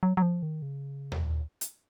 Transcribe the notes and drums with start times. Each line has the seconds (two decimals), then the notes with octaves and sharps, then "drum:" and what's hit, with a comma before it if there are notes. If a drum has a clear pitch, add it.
0.03 F#3
0.17 F#3
0.22 F3
0.43 D#3
0.62 C#3
1.12 C3, drum: tom D#2
1.22 A#2
1.61 drum: hi-hat